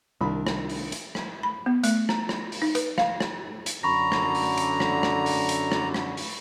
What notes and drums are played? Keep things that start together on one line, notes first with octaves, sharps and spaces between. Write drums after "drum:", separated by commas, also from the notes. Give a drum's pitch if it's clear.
C2 D#3 D4 A#4 B5
drum: rim click
drum: open hi-hat
drum: hi-hat
drum: rim click
B5
B3
A3, drum: hi-hat
A#5, drum: rim click
drum: rim click
drum: open hi-hat
D#4
B4, drum: hi-hat
F5, drum: rim click
drum: rim click
drum: hi-hat
F#2 D3 A#5 B5 C#6 A#6
drum: rim click
drum: open hi-hat
drum: hi-hat
drum: rim click
drum: rim click
drum: open hi-hat
drum: hi-hat
drum: rim click
drum: rim click
drum: open hi-hat